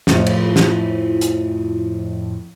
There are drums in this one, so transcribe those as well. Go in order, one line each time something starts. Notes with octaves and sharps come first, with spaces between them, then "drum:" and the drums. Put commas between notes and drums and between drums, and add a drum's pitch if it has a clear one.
F2 A2 F3, drum: snare
drum: cymbal
drum: snare
drum: hi-hat